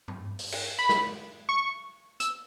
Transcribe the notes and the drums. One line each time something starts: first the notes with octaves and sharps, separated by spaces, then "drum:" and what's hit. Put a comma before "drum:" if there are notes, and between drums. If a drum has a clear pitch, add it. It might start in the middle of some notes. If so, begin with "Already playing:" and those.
drum: tom G2
drum: open hi-hat
drum: cymbal
B5
drum: snare
C#6
E6, drum: hi-hat